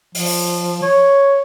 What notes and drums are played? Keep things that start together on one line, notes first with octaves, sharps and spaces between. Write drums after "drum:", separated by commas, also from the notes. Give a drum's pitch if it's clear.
F3, drum: open hi-hat
C#5